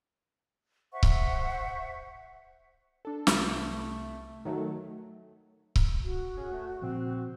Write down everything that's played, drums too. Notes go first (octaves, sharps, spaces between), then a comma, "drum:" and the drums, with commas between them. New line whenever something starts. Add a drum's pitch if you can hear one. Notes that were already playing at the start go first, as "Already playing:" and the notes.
C5 E5 F#5 C#6
drum: kick C#1
D4 A4
C2 A3, drum: snare
D#3 F#3 A3
drum: kick C#1
F#4
C#4 G#4
A3
A#2 C#3 F3 C4